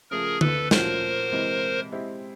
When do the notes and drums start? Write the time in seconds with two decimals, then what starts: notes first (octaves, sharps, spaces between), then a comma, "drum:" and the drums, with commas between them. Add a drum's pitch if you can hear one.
0.11 C#3 F3 A3 G#4 A#4
0.41 A4 B4, drum: tom D3
0.71 A#2 F3 A3 C#4 F#4 A#4 C5, drum: snare
1.32 C3 E3 G#3
1.92 G#3 C4 E4 G4